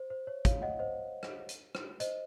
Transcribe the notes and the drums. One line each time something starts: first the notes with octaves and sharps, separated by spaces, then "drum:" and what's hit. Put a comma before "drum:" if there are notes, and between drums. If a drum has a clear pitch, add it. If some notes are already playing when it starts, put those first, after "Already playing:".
Already playing: C5
C5
C#5
C#5 F5, drum: kick, hi-hat
D#5 F#5
C5 D#5
drum: rim click
drum: hi-hat
drum: rim click
C5 D#5, drum: hi-hat